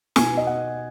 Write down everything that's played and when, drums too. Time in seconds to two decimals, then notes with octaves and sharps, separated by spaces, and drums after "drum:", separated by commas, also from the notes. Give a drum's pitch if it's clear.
0.16 B2 B3 D#4 G#5, drum: snare
0.37 D#5
0.47 F#5